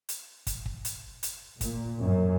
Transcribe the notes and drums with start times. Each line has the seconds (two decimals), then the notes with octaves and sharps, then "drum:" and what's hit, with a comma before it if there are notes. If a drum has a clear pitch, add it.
0.09 drum: hi-hat
0.47 drum: kick, hi-hat
0.66 drum: kick
0.85 drum: hi-hat
1.23 drum: hi-hat
1.61 A#2, drum: kick, hi-hat
2.03 F#2